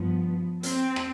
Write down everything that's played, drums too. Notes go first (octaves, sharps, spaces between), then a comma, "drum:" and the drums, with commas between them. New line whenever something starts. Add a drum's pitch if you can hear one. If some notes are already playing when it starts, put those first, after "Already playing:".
Already playing: G2 F3 B3
C4, drum: hi-hat
drum: rim click